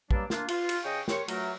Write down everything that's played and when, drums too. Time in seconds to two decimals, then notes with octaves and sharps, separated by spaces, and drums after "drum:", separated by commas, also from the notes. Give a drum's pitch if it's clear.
0.11 G2 F#3 G3 A#3 D4, drum: kick
0.30 A#3 D4 F4, drum: snare
0.48 F4, drum: cymbal
0.69 drum: cymbal
0.84 C#3 D#5 G5 G#5 C#6
1.08 G4 A#4 C#5 C6 C#6, drum: snare
1.28 F#3 A3 A#4, drum: cymbal